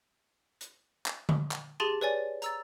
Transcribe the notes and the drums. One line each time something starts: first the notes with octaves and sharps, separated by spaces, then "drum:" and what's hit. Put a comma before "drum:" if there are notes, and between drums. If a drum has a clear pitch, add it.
drum: hi-hat
drum: clap
drum: tom D3
drum: clap
G4 G#4 A5 C6 A6 D#7
B4 C#5 D5 G#5 A6
A#5 E6 A6, drum: hi-hat